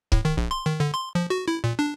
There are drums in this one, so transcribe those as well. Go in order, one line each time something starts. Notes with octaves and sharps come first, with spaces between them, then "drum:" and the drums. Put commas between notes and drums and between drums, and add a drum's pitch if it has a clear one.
A2, drum: kick
D#3
A#1
C6
D#3
D3
C6
F3
F#4
E4
A#2
D4